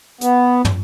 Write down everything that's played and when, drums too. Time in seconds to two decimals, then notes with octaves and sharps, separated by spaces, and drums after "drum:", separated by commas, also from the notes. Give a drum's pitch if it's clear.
0.21 B3, drum: hi-hat
0.65 drum: tom